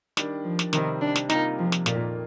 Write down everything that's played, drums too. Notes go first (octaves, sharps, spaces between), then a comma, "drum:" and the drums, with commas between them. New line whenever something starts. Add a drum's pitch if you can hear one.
D#3 G3 D4, drum: snare
F3
drum: snare
C3 D#3 G3 C4 D#4, drum: snare
D4
drum: snare
C3 G3 A#3 D#4 F4, drum: snare
F3
drum: snare
F2 A#2 D#3 A#3 F4 A#4, drum: snare